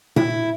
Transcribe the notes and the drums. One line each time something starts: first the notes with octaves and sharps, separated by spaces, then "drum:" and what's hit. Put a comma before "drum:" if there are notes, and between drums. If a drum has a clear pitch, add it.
E4, drum: tom A#2